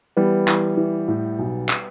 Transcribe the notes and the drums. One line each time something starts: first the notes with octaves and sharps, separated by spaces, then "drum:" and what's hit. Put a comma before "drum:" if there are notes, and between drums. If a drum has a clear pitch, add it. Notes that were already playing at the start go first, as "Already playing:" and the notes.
E3 G3 B3
E3, drum: clap
E3
A2
B1
drum: clap